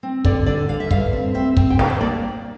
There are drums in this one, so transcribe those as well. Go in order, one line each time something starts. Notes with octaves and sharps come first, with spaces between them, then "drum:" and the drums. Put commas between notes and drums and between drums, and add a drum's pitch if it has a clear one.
C4
D3 D5, drum: kick
D3 D5
D3 F5
E5
G2 F5, drum: kick
C4
C4 E5
C4, drum: kick
G5
D4 F5, drum: snare
C5
A#3 D5